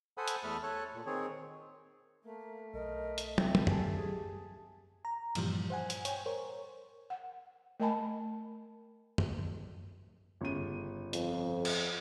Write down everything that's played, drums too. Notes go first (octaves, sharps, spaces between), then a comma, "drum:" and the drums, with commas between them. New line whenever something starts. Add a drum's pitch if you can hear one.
A4 C5 F#5 G#5 B5 D#6
drum: hi-hat
E2 A3 A4 B5 D#6 F6
A4 C#5 F#6
A#2
D#3 C4 G#4 C#5
A3 A#3
B1 A#4 D#5
drum: hi-hat
C4 E5, drum: tom
drum: tom
G4 G#5 A5, drum: tom F#2
G#4
A#5
G2 A#2 E3 F3 G3, drum: cymbal
C5 F#5 G#5
drum: hi-hat
C#5 G5 G#5, drum: hi-hat
A#4 C5 C#5
F#5
A3 A#4 D#5 G#5 A5 B5
drum: tom F#2
G1 C#3 D#7
F2, drum: hi-hat
drum: cymbal